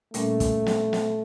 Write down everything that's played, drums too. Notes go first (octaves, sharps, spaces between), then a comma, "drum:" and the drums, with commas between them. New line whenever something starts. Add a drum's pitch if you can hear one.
A#2 G3 A3 A#3 C#4, drum: hi-hat
drum: kick, hi-hat
drum: snare
drum: snare